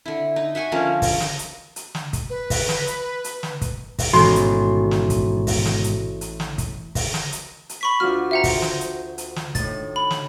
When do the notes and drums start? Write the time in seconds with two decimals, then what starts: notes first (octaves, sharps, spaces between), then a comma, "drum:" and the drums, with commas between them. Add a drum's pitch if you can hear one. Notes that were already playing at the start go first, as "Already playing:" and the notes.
0.05 D3 E4
0.36 D#4
0.55 E5 F#5 G#5 C#6
0.72 D3 F3 A#3 C#4
1.02 drum: kick, open hi-hat
1.20 drum: snare
1.39 drum: hi-hat
1.76 drum: hi-hat
1.95 drum: snare
2.13 drum: kick, hi-hat
2.30 B4
2.50 drum: kick, open hi-hat
2.69 drum: snare
2.87 drum: hi-hat
3.24 drum: hi-hat
3.43 drum: snare
3.61 drum: kick, hi-hat
3.99 drum: kick, open hi-hat
4.13 A1 G#2 B2 D#3 F#4 C6
4.36 drum: hi-hat
4.91 drum: snare
5.10 drum: kick, hi-hat
5.47 drum: kick, open hi-hat
5.65 drum: snare
5.84 drum: hi-hat
6.21 drum: hi-hat
6.40 drum: snare
6.58 drum: kick, hi-hat
6.95 drum: kick, open hi-hat
7.14 drum: snare
7.32 drum: hi-hat
7.69 drum: hi-hat
7.81 B5 C#6 B6
8.00 D2 F4 F#4 F6
8.31 F#4 C5 E5 F#5 G5 A#5
8.44 drum: kick, open hi-hat
8.62 drum: snare
8.81 drum: hi-hat
9.18 drum: hi-hat
9.36 drum: snare
9.55 A2 D#3 A6, drum: kick, hi-hat
9.96 B5
10.11 drum: snare